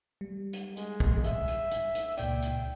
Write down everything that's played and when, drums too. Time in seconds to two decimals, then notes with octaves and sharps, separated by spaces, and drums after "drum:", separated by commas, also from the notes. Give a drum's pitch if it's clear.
0.21 G3
0.53 drum: hi-hat
0.77 G#3, drum: hi-hat
1.00 drum: kick
1.24 E5, drum: hi-hat
1.48 drum: hi-hat
1.71 drum: hi-hat
1.95 drum: hi-hat
2.17 C#2 A#2 D5 G5, drum: hi-hat
2.42 drum: hi-hat